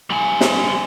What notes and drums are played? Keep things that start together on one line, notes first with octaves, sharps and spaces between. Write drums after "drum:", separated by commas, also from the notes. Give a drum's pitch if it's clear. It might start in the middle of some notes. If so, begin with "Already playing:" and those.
G3 G#5
drum: snare